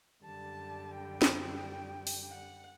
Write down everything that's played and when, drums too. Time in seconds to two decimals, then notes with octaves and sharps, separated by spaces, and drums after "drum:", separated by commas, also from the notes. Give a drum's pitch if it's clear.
0.25 F#2 D3 G3 A5
0.93 G5
1.22 drum: snare
2.07 drum: open hi-hat
2.30 F#5